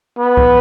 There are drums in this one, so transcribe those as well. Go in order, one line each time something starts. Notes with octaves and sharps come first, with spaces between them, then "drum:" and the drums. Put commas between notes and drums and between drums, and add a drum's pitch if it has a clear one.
B3
drum: kick C2